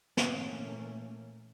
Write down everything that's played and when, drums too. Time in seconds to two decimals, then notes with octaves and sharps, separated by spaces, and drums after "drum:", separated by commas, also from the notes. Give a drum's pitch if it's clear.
0.17 A#2 E3 A3 A#3 C#4, drum: snare